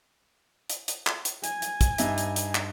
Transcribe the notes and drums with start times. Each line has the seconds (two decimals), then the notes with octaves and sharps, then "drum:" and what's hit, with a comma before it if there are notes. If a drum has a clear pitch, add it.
0.70 drum: hi-hat
0.88 drum: hi-hat
1.07 drum: clap
1.25 drum: hi-hat
1.44 G#5, drum: hi-hat
1.62 drum: hi-hat
1.81 drum: kick, hi-hat
1.98 G2 D#4 E5, drum: hi-hat
2.18 drum: hi-hat
2.36 drum: hi-hat
2.55 drum: clap